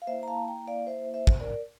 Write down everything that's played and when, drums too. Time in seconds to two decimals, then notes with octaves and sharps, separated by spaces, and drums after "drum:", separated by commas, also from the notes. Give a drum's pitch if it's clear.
0.02 F5
0.07 A#3 E4 C5 E5
0.23 A#5
0.28 F5 A5
0.48 G5 A#5
0.68 D5 F5
0.87 C5 E5
1.14 C5 E5
1.27 drum: kick
1.40 A#4 D5